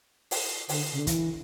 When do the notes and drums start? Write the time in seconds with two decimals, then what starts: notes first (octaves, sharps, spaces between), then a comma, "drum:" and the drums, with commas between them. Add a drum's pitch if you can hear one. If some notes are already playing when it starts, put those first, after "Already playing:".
0.31 drum: open hi-hat
0.69 D3, drum: open hi-hat
0.92 C#3
0.99 D3
1.07 E3, drum: kick, hi-hat